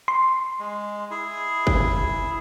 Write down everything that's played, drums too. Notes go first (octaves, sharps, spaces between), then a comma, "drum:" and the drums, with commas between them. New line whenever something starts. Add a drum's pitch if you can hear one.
C6
G#3
E4 G#4
drum: kick